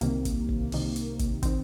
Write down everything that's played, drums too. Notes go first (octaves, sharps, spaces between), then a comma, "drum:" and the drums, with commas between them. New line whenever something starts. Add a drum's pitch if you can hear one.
C2 C3 D#3 A#3, drum: hi-hat
drum: kick, hi-hat
drum: kick
C2 C3 D#3, drum: open hi-hat
drum: hi-hat
drum: kick, hi-hat
D#3 C4, drum: kick, hi-hat